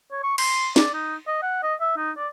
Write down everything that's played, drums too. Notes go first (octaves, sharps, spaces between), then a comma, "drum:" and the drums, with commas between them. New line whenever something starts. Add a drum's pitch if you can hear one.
C#5
C#6
C6, drum: cymbal
D5, drum: snare
D#4
D#5
F#5
D#5
E5
D#4
D5